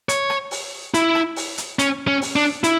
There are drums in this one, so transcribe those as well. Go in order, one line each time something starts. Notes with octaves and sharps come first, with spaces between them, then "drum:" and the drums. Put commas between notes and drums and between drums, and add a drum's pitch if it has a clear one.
C#5, drum: hi-hat
drum: rim click
drum: open hi-hat
E4, drum: hi-hat
drum: rim click
drum: open hi-hat
drum: hi-hat
C#4, drum: hi-hat
C#4
drum: open hi-hat
D4
E4, drum: hi-hat